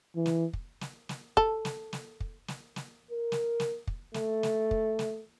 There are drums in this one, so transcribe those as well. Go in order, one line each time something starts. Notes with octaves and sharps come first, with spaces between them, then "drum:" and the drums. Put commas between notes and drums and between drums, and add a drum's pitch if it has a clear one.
E3
drum: snare
drum: kick
drum: snare
drum: snare
A4, drum: kick
drum: snare
drum: snare
drum: kick
drum: snare
drum: snare
A#4
drum: snare
drum: snare
drum: kick
A3, drum: snare
drum: snare
drum: kick
drum: snare